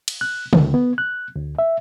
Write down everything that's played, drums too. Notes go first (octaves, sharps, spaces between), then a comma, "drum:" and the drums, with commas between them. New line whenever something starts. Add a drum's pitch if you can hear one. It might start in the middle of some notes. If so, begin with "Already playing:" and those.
drum: cymbal
F#6
C#2, drum: tom D3
B3
F#6
D2
E5